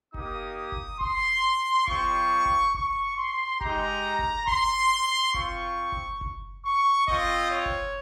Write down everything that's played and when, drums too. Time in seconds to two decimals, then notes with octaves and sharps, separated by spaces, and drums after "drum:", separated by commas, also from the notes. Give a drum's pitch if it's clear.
0.14 A#3 D#4 G4 D#6, drum: kick F#1
0.72 drum: kick F#1
1.01 C6, drum: kick F#1
1.88 G3 C4 F4 C#6, drum: kick F#1
2.45 drum: kick F#1
2.74 C#6, drum: kick F#1
3.18 C6
3.61 G#3 D#4 G4 A#5, drum: kick F#1
4.19 drum: kick F#1
4.48 C6, drum: kick F#1
5.34 C4 F4 C#6, drum: kick F#1
5.92 drum: kick F#1
6.21 drum: kick F#1
6.65 C#6
7.08 C4 F4 D#5, drum: kick F#1
7.51 C#5
7.66 drum: kick F#1